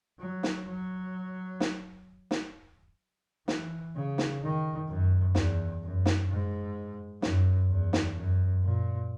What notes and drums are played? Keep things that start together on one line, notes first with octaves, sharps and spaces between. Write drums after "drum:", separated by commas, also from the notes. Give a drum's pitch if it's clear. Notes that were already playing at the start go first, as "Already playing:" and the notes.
F#3
drum: snare
F#3
drum: snare
drum: snare
E3, drum: snare
C#3
drum: snare
D#3
F#2
E2, drum: snare
F#2
drum: snare
G#2
F#2, drum: snare
E2
drum: snare
F#2
A#2